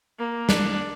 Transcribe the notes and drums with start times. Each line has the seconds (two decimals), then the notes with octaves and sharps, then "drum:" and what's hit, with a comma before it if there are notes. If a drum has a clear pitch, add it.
0.18 A#3
0.49 D4, drum: snare